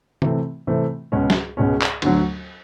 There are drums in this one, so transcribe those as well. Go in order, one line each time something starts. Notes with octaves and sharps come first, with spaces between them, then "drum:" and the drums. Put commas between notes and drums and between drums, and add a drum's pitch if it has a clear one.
C3 E3 A3 C4, drum: tom
C3 E3 A3 C4
C#2 B2 G#3 C#4
drum: snare
C#2 B2 G#3 C#4
drum: clap
D2 D3 F#3, drum: cymbal